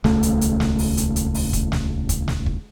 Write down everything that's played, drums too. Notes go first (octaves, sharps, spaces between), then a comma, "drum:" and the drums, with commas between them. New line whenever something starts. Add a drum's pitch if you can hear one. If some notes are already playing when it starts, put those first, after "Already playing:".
D#1 C#2 A3, drum: snare
drum: hi-hat
drum: hi-hat
drum: snare
drum: open hi-hat
drum: hi-hat
drum: hi-hat
drum: open hi-hat
drum: kick, hi-hat
drum: snare
drum: kick, hi-hat
drum: snare
drum: kick